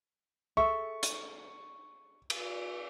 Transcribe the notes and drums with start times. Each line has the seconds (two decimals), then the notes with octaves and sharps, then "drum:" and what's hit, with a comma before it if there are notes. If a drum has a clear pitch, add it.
0.57 G#4 A4 E5 C#6
1.03 drum: hi-hat
2.30 drum: cymbal